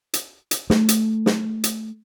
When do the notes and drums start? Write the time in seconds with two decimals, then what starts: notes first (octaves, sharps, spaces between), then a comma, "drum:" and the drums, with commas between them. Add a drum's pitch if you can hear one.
0.14 drum: hi-hat
0.51 drum: hi-hat
0.70 A3, drum: snare
0.89 drum: hi-hat
1.26 drum: snare
1.64 drum: hi-hat